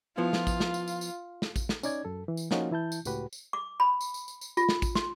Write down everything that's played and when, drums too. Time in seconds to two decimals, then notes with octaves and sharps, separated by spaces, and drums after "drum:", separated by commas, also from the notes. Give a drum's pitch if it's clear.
0.18 F3 B3 E4 F4
0.33 drum: snare
0.47 drum: kick A1, tambourine
0.60 drum: snare
0.74 drum: tambourine
0.88 drum: tambourine
1.01 drum: tambourine
1.42 drum: snare
1.56 drum: kick A1, tambourine
1.69 drum: snare
1.83 C#4 D#4 D5 G#6, drum: tambourine
2.05 F#2 A4
2.28 E3
2.37 drum: tambourine
2.51 F3 A#3 C#4 D#4 F4 F#4, drum: snare
2.71 E3 E4 A5 G6
2.92 drum: tambourine
3.05 C#2 A2 F#4 G4 B4, drum: tambourine
3.33 drum: tambourine
3.53 D6
3.80 B5
4.01 drum: tambourine
4.14 drum: tambourine
4.28 drum: tambourine
4.41 drum: tambourine
4.57 F4, drum: tambourine
4.69 drum: snare
4.82 drum: kick A1, tambourine
4.95 C6, drum: snare